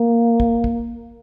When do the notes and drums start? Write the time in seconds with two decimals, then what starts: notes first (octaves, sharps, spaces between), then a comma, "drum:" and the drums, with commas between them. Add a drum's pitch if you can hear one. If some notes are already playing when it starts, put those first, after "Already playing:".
Already playing: A#3
0.40 drum: kick
0.64 drum: kick